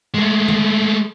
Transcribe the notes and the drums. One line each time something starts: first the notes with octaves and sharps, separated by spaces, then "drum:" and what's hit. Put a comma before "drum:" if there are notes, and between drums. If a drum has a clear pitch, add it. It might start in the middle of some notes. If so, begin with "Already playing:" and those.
G#3 A3
drum: tom D3